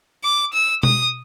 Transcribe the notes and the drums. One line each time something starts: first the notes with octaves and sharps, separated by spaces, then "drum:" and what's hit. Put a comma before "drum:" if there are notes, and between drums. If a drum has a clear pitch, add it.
D6
E6
D#6, drum: tom B2